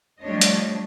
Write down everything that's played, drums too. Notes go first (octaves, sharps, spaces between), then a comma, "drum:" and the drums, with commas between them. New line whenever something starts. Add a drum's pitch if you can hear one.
F3 G3 A3 D4 C#5 D#5
drum: hi-hat